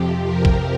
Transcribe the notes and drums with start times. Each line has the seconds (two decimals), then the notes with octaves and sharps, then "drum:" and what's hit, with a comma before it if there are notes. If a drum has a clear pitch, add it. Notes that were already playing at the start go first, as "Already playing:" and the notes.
Already playing: F2 C3 F3 G4
0.24 G4 A#4
0.45 drum: kick A#1